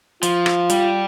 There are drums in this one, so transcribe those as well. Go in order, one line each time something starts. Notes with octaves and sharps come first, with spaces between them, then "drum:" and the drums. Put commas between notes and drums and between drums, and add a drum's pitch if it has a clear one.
F3 F4, drum: hi-hat
drum: rim click
G3, drum: hi-hat